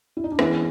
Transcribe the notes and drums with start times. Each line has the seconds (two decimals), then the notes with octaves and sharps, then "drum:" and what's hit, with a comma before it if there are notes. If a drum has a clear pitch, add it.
0.17 E4
0.24 D#4
0.32 D4
0.39 E3 G#3 B3 C#4 E4, drum: rim click